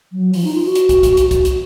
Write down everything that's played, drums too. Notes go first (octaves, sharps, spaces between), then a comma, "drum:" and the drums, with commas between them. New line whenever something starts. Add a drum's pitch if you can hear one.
F#3
F3, drum: open hi-hat
D#4
F4
F#4
drum: hi-hat
drum: kick, hi-hat
drum: kick, hi-hat
drum: hi-hat
drum: kick, hi-hat
drum: hi-hat